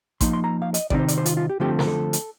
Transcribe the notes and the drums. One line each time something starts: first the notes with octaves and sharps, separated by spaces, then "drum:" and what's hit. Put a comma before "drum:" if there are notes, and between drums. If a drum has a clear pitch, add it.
F3 A#3 D#4 C6, drum: kick A1, hi-hat
C6
A#5
F5
D#5, drum: hi-hat
C3 D#3 G3 C4 D#4 D5, drum: kick A1
C5
D5, drum: hi-hat
C5
F4, drum: hi-hat
F4
G4
D3 F3 A3 C4 G4
A#4, drum: snare
A4
drum: hi-hat